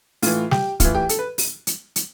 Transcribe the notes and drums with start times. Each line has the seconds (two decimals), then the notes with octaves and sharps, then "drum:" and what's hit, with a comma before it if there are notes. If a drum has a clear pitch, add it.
0.22 A2 E3 F4, drum: open hi-hat
0.51 G4, drum: snare
0.80 A2 E3 F4, drum: kick, hi-hat
0.95 G4
1.09 A4, drum: hi-hat
1.19 B4
1.38 drum: open hi-hat
1.67 drum: hi-hat
1.96 drum: hi-hat